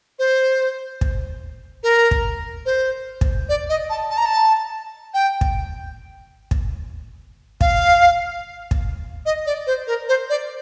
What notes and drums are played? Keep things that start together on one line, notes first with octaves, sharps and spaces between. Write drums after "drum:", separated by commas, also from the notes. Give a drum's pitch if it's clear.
C5
drum: kick
A#4
drum: kick
C5
drum: kick
D5
D#5
A5
A5
A#5
A5
G5
drum: kick
drum: kick
F5, drum: kick
drum: kick
D#5
D5
C5
A#4
C5
D5